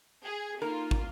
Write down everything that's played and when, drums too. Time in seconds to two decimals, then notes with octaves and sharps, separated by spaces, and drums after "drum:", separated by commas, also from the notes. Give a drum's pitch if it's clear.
0.25 G#4
0.62 A#3 D#4 F4 A#4
0.91 drum: kick